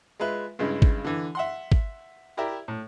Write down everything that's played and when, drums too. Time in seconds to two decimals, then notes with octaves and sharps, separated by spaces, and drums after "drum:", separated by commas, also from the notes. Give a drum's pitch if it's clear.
0.20 G#3 F4 B4 E5
0.59 G2 C#3 G#3 E4
0.82 drum: kick
1.04 D3 E3
1.35 E5 F#5 C6
1.72 drum: kick
2.37 E4 G4 A#4 D5 E5 A#5
2.68 A2